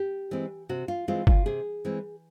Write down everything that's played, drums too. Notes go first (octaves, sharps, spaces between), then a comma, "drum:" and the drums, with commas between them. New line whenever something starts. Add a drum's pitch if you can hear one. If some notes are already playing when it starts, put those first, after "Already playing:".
Already playing: G4
E3 G#3 C4
C3 F#4
F4
E3 G#3 C4 F4
F4, drum: kick
C3 G#4
E3 G#3 C4